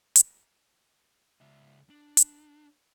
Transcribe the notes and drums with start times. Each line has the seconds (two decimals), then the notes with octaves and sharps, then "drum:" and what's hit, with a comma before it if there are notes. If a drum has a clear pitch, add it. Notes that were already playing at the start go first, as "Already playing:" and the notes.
0.16 drum: hi-hat
1.41 C#2 E5
1.90 D4
2.17 drum: hi-hat